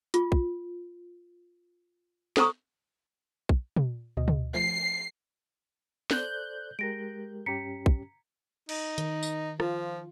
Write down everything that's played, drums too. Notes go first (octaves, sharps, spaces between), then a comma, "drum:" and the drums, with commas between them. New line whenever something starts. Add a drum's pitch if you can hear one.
F4, drum: hi-hat
drum: kick
A4 C5 A#5 C#6 D#6, drum: snare
drum: kick
drum: tom
D2 B2 D#5
drum: tom
F3 A3 C7
A4 C5 D5 F#6 G6, drum: snare
G#3 G4 A#4 A#6 D7
G2 C#4 G4 A#5 B6 C#7
drum: kick
D#4, drum: cymbal
D#3, drum: hi-hat
drum: tambourine
F3 F4, drum: rim click